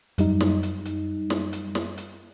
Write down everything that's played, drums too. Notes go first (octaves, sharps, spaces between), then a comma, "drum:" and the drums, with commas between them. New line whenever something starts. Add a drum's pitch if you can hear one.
F#2 G3 D#4, drum: hi-hat
drum: snare
drum: hi-hat
drum: hi-hat
drum: snare
drum: hi-hat
drum: snare
drum: hi-hat